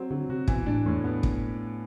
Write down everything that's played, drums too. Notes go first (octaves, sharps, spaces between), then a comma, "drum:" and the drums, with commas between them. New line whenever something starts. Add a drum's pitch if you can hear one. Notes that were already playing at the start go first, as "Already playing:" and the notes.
Already playing: F#3 C4
D3 F#3
C3 F#4
B2 E3, drum: kick
A2 D4
E2 A2
B3
drum: kick